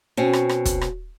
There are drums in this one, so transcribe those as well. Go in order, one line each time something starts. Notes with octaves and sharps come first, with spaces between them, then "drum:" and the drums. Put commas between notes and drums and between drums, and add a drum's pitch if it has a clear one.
B2 C4 C#4
drum: rim click
drum: rim click
drum: kick, hi-hat
drum: rim click